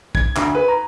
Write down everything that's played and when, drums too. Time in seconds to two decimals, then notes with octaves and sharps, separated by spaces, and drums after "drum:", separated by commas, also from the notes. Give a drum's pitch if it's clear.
0.15 G#6, drum: kick
0.36 D2, drum: clap
0.55 B4
0.68 A#5